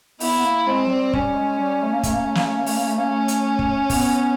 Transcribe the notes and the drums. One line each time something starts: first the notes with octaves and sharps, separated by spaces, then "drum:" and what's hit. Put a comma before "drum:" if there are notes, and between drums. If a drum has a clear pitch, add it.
B3 E4, drum: open hi-hat
B3
A#3
G#3 C4
F#3
G3
G3 C#4, drum: kick
G#3
G3
A3
A#3
A3 C#4, drum: kick, hi-hat
A#3
A3
A#3, drum: snare
A3
A#3
A3, drum: open hi-hat
A#3
A3
A#3 C#4
A3
drum: hi-hat
drum: kick
B3, drum: kick, open hi-hat